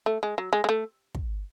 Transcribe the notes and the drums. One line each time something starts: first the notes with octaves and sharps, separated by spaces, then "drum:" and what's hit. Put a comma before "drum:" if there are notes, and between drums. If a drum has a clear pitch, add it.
A3
G#3
F#3
G#3
G#3
A3
drum: kick